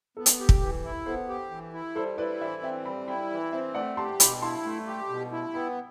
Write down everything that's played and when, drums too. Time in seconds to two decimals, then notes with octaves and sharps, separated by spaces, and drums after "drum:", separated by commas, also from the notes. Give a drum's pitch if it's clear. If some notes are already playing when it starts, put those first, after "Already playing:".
0.17 B3 A4
0.26 drum: hi-hat
0.40 G4
0.49 drum: kick
0.61 E3
0.84 E4
1.06 B3 A4 C5
1.29 G4
1.51 E3
1.73 E4
1.95 G3 A4 C5
2.18 E4 B4 D5
2.40 E3 C5 E5
2.63 C4 E5 G5
2.85 G3 G5 B5
3.08 E4 G5 B5
3.30 E3
3.52 C4 C5 E5
3.74 A3 D5 F#5
3.97 G4 A5 C6
4.20 B2 G5 B5, drum: hi-hat
4.42 E4 A5 C6
4.64 A3
4.87 G4
5.09 B2
5.32 E4
5.54 B3 G5 B5